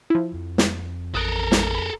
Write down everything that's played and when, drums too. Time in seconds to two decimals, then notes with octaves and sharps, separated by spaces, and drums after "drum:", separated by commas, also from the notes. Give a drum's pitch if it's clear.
0.10 F3 E4
0.34 F2
0.58 drum: snare
1.15 A1 A4 A#4 D#6 F#6 D7
1.52 drum: snare
1.75 B5